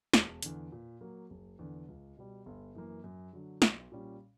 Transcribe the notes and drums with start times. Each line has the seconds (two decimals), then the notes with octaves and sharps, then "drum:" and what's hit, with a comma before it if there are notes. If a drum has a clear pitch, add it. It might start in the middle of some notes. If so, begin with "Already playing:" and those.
0.14 E1, drum: snare
0.43 E2 D3, drum: hi-hat
0.72 A#2
1.01 F#3 A#3
1.30 F#1
1.59 E2 D3
1.88 C#2
2.17 B2 G3
2.46 G1
2.75 F#2 E3 A#3
3.04 F#2
3.33 D3 F#3
3.62 B1, drum: snare
3.92 A#2 G3 C#4